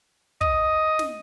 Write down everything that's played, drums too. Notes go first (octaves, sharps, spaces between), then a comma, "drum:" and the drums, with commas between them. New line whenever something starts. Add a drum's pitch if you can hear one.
D#5, drum: kick
drum: snare